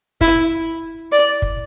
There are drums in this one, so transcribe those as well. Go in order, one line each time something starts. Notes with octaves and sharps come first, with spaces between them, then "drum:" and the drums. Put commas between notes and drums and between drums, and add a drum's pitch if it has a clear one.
E4, drum: kick
D5
drum: kick